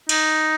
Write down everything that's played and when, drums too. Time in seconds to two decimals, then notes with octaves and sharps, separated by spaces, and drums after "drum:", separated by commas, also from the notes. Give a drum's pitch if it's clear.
0.09 D#4, drum: cymbal